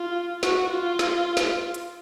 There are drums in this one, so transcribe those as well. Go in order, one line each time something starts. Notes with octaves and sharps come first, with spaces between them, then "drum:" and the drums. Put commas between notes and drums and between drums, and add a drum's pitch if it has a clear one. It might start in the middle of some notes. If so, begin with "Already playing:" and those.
Already playing: F4
F#4, drum: snare
F4
drum: snare
drum: snare
drum: hi-hat